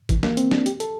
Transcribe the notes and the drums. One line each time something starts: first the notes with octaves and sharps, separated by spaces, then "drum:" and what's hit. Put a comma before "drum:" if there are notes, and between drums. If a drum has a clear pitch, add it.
E3, drum: kick, hi-hat
A#3, drum: snare
C4, drum: hi-hat
D4, drum: snare
G4, drum: hi-hat
A4, drum: hi-hat